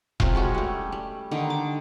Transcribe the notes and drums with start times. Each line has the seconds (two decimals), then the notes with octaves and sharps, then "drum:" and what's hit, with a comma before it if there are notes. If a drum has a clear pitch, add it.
0.20 C3 C#4 F4, drum: kick E1
0.35 G#3 C#4 F#4
0.54 G3 A3
0.92 G3
1.31 D3 D#3 D#4
1.50 D6